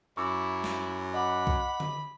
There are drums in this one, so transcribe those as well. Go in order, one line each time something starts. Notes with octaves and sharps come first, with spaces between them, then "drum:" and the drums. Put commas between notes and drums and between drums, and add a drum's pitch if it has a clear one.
F#2 E4 C#6 D6 E6
drum: snare
D#5 F#5 B5 D6
drum: kick B1
drum: tom D3